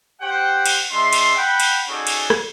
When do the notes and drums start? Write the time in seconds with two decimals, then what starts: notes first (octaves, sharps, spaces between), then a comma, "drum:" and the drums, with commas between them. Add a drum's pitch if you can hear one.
0.21 G4 C5 F#5 G5
0.66 drum: cymbal
0.91 G#3 D4 E5 C6
1.13 drum: cymbal
1.36 F#5 G5 B5
1.60 drum: cymbal
1.88 C#4 D#4 F#4 G#4 A4 D5
2.07 drum: cymbal
2.30 drum: rim click